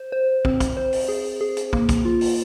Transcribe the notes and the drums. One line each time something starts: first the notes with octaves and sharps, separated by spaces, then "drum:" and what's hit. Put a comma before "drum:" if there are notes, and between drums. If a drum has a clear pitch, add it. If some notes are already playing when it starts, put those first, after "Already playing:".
Already playing: C5
C5
C4, drum: kick
drum: kick, hi-hat
C5
drum: open hi-hat
G#4
G#4
drum: hi-hat
A#3, drum: kick
drum: kick, hi-hat
F4
drum: open hi-hat